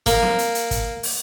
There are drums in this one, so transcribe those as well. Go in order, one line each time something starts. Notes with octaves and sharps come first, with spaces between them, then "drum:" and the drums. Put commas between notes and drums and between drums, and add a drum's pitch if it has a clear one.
A#3, drum: kick, hi-hat
drum: snare
drum: hi-hat
drum: hi-hat
drum: kick, hi-hat
drum: open hi-hat